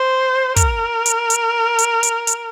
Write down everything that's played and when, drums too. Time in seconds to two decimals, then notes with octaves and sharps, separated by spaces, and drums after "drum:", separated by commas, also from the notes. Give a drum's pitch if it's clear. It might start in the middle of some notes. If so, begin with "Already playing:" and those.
Already playing: C5
0.56 A#4, drum: kick, hi-hat
1.06 drum: hi-hat
1.30 drum: hi-hat
1.78 drum: hi-hat
2.03 drum: hi-hat
2.27 drum: hi-hat